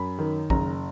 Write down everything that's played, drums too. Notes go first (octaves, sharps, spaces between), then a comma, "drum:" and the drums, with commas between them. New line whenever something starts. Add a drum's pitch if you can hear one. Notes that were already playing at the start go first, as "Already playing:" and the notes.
Already playing: F#2 B5
D#3
F#1 A#5, drum: kick